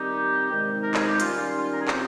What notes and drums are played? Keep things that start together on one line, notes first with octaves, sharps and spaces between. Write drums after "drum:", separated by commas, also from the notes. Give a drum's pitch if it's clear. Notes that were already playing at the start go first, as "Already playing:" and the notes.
Already playing: D#3 G3 C4 D#4 G4
C3 D#3 G#3 D#4
A#4
G#4, drum: clap
G4
D#3 G3 C#4 F4, drum: hi-hat
F4
F4
A#4
G#4
C3 F3 C4 G4, drum: clap